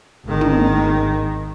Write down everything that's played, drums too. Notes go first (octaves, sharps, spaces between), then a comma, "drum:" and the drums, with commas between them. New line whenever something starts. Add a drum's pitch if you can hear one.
G#1 D#3
drum: tom